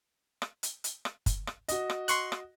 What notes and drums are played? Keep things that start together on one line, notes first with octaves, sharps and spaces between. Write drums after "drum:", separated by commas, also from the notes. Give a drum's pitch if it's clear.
drum: rim click
drum: hi-hat
drum: hi-hat
drum: rim click
drum: kick, hi-hat
drum: rim click
F#4 D#5, drum: hi-hat
drum: rim click
C6 C#6 F#6, drum: hi-hat
drum: rim click